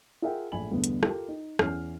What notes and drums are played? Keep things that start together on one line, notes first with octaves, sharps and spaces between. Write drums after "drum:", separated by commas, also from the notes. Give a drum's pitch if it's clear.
F4 G#4 A#4 E5 F#5 G5
A#1 A2 G#5 B5 F#7
E2 G2 B2 D3 A3 B3
drum: hi-hat
F4 G4 A4 A#4, drum: rim click
D#4
E2 E3 C#4 G#5 F6 C7, drum: rim click